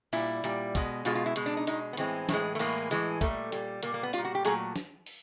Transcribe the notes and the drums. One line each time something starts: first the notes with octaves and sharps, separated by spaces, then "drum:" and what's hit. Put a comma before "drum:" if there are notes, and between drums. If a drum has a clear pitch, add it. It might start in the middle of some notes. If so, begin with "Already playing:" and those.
A#2 G3 E4, drum: open hi-hat
A#2 G3, drum: hi-hat
B2 G#3, drum: kick, hi-hat
B2 G#3 F4, drum: hi-hat
F4
E4
B2 G#3, drum: hi-hat
D4
D#4
B2 G#3 D#4, drum: hi-hat
B3
A2 E3 G#3 C4, drum: hi-hat
A2 E3 G#3, drum: snare
A3
A2 E3 G#3 A#3, drum: open hi-hat
A2 E3 G#3, drum: hi-hat
A#2 G3 A3, drum: kick, hi-hat
A#2 G3, drum: hi-hat
A#2 G3 A#3, drum: hi-hat
A#3
B3
G3 F4, drum: hi-hat
A#2
F#4
G4
A#2 F#3 A3 G#4, drum: hi-hat
drum: snare
drum: open hi-hat